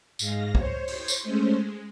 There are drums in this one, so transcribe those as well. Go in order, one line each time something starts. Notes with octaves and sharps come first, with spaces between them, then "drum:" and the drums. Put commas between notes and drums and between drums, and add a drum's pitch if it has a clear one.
G#2 G#3 F5 A#6, drum: tambourine
C5 C#5, drum: kick
drum: open hi-hat
drum: tambourine
G#3 A3 C#4 C5
G#3